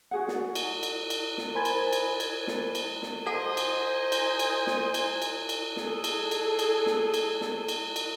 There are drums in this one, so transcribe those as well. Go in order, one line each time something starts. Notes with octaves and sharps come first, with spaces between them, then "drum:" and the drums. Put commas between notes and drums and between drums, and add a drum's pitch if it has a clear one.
F#4 G#4 F#5
drum: snare
drum: cymbal
drum: cymbal
drum: cymbal
drum: snare
A#4 C5 G#5 B5 G#6 A6
drum: cymbal
drum: cymbal
drum: cymbal
drum: snare
drum: cymbal
drum: snare
A4 C5 D#5 F#5 G#5 A5
drum: cymbal
drum: cymbal
drum: cymbal
drum: snare
drum: cymbal
drum: cymbal
drum: cymbal
G#4 A4, drum: snare
drum: cymbal
drum: cymbal
drum: cymbal
drum: snare
drum: cymbal
drum: snare
drum: cymbal
drum: cymbal